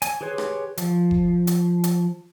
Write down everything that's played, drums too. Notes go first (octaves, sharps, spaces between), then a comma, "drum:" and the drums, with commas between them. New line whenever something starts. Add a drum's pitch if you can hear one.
G#5, drum: hi-hat
G4 G#4 B4 C#5 C6
drum: rim click
F3, drum: hi-hat
drum: kick F#1
drum: hi-hat
drum: hi-hat